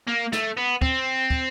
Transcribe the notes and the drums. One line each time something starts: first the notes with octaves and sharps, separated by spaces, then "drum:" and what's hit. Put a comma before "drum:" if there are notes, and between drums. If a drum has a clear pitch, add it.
A#3
A3, drum: snare
B3
C4, drum: kick
drum: kick